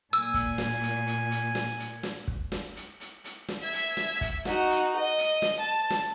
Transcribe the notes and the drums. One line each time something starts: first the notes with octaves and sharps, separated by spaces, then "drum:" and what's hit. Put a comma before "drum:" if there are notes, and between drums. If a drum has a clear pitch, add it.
A#2 G#5 E6
drum: kick, hi-hat
drum: snare
drum: hi-hat
drum: hi-hat
drum: hi-hat
drum: snare
drum: hi-hat
drum: snare
drum: kick
drum: snare
drum: hi-hat
drum: hi-hat
drum: hi-hat
drum: snare
E5 G#6
drum: hi-hat
drum: snare
drum: kick, hi-hat
D#4 F#4, drum: snare
drum: hi-hat
D#5
drum: hi-hat
drum: snare
A5
drum: snare